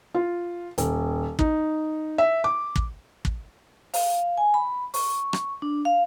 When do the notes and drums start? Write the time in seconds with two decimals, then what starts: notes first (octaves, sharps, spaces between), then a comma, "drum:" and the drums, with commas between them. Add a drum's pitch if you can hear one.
0.15 F4
0.78 D#1, drum: hi-hat
1.39 D#4, drum: kick
2.18 E5
2.44 D6
2.76 drum: kick
3.25 drum: kick
3.94 F5, drum: open hi-hat
4.37 G#5
4.54 B5
4.94 C#6, drum: open hi-hat
5.33 drum: rim click
5.62 D4
5.85 F5